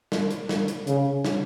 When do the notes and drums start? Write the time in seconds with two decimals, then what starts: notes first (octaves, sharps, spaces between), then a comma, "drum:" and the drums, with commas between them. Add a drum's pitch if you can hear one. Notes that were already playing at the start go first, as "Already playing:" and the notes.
0.12 drum: snare
0.31 drum: hi-hat
0.49 drum: snare
0.68 drum: hi-hat
0.87 C#3, drum: hi-hat
1.25 drum: snare